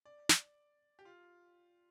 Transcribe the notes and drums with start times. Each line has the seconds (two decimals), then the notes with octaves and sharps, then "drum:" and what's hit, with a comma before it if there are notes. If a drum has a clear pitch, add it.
0.05 D5
0.29 drum: snare
0.99 G4
1.05 F4